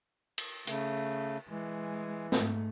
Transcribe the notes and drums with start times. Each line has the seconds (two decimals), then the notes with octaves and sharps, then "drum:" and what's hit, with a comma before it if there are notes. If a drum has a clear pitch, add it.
0.38 drum: cymbal
0.67 C#3 A3, drum: hi-hat
1.49 E3 G#3
2.32 G#2 A3, drum: snare